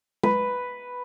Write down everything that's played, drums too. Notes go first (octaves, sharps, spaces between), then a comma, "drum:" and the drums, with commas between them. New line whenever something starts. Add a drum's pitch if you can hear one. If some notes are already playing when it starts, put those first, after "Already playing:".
B4, drum: tom G#3